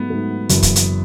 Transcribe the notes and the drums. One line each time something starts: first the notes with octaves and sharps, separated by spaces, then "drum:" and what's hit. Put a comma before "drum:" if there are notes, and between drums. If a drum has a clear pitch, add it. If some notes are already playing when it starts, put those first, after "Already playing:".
Already playing: G#2 F#3 A3 B3
G#2 F#3 A3
F#1 F#2 C#3 E3, drum: hi-hat
drum: kick, hi-hat
drum: hi-hat